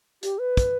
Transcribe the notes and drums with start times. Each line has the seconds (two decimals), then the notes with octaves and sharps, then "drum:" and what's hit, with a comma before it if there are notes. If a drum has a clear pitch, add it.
0.23 G4, drum: hi-hat
0.40 B4
0.57 drum: kick, hi-hat